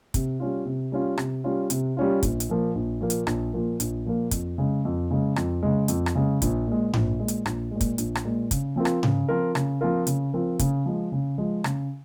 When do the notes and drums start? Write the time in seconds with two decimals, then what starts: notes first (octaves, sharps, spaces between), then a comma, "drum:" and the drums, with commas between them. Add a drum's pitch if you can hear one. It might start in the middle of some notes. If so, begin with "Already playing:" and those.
0.14 C3, drum: kick, hi-hat
0.40 G3 C#4 F4
0.65 C3
0.92 G3 C#4 F4
1.18 C3, drum: rim click
1.44 G3 C#4 F4
1.70 C3, drum: hi-hat
1.97 G3 C#4 F4
2.23 A#1, drum: kick, hi-hat
2.40 drum: hi-hat
2.49 A#2 F3 A#3
2.75 A#1
3.01 A#2 F3 A#3
3.10 drum: hi-hat
3.27 A#1, drum: rim click
3.53 A#2 F3 A#3
3.80 A#1, drum: hi-hat
4.05 A#2 F3 A#3
4.31 F2, drum: kick, hi-hat
4.58 C#3 G#3
4.85 F2
5.11 C#3 G#3
5.36 F2, drum: rim click
5.63 C#3 G#3
5.88 F2, drum: hi-hat
6.06 drum: rim click
6.15 C#3 G#3
6.42 A#1, drum: kick, hi-hat
6.67 A#2 G#3
6.93 A#1, drum: tom G#2
7.19 A#2 G#3
7.28 drum: hi-hat
7.46 A#1, drum: rim click
7.71 A#2 G#3
7.81 drum: kick, hi-hat
7.98 A#1, drum: hi-hat
8.15 drum: rim click
8.25 A#2 G#3
8.51 C#3, drum: kick, hi-hat
8.76 F3 C4 F4 A#4
8.85 drum: rim click
9.03 C#3, drum: tom G#2
9.29 F3 C4 F4 A#4
9.55 C#3, drum: rim click
9.81 F3 C4 F4 A#4
10.07 C#3, drum: hi-hat
10.33 F3 C4 F4 A#4
10.59 C#3, drum: kick, hi-hat
10.86 F3 G#3
11.12 C#3
11.38 F3 G#3
11.64 C#3, drum: rim click